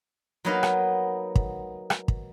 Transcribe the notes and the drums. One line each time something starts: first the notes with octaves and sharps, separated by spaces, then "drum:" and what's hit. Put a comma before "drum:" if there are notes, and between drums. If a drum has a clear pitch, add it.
F#3 A#3 B3 D#4 B4 F5
drum: rim click
drum: kick
drum: rim click
drum: kick